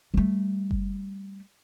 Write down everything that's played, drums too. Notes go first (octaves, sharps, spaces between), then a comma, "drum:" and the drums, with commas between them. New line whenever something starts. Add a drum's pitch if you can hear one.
G3 A3
drum: kick F#1